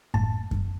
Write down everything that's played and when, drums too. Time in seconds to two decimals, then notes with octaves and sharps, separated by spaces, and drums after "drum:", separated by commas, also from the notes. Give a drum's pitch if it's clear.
0.14 A2 A5, drum: kick F#2
0.51 drum: kick F#2